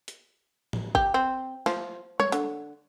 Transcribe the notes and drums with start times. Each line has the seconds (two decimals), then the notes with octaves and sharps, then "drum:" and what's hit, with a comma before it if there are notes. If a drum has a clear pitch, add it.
0.08 drum: hi-hat
0.73 drum: tom
0.95 G4, drum: kick G#1
1.14 C4
1.66 F3, drum: snare
2.20 C#5, drum: tom G3
2.32 D3, drum: hi-hat